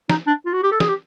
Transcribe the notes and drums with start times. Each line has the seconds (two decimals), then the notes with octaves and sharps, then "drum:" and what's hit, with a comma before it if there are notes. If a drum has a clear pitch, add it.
0.10 D#4, drum: snare
0.27 D4
0.46 F4
0.53 F#4
0.63 G4
0.71 A4
0.80 G#4, drum: snare
0.89 G4